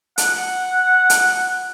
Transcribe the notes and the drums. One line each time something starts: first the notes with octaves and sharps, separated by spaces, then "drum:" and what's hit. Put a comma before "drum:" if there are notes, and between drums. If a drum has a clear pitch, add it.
F#5, drum: hi-hat
drum: hi-hat